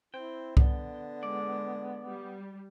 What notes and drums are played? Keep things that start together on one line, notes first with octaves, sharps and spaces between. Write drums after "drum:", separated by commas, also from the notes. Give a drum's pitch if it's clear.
C4 E4 G5
D3 B3, drum: kick C2
G#3 D5
G3